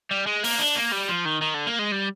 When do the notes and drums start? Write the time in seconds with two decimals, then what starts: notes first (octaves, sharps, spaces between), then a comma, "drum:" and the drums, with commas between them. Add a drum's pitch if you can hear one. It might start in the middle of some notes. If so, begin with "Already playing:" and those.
0.11 G3
0.27 G#3
0.44 A#3, drum: open hi-hat
0.59 D4
0.76 A#3
0.92 G3
1.09 F3
1.26 D#3
1.42 D#3
1.54 D3
1.67 A#3
1.79 G#3
1.92 G3